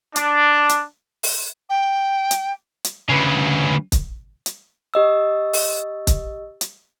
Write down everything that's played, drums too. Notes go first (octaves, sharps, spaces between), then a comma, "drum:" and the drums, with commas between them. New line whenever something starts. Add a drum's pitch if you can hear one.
D4, drum: hi-hat
drum: hi-hat
drum: open hi-hat
G5
drum: hi-hat
drum: hi-hat
D2 C#3 C#4 B4
drum: kick, hi-hat
drum: hi-hat
G4 D#5 E6
drum: open hi-hat
drum: kick, hi-hat
drum: hi-hat